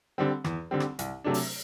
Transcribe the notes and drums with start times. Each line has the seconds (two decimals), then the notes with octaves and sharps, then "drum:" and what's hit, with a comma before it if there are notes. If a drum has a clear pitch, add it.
0.18 D3 G3 C4
0.45 E2, drum: rim click
0.71 D3 G3 C4
0.80 drum: rim click
0.99 C2, drum: hi-hat
1.24 C3 F#3 A3 D4
1.34 drum: open hi-hat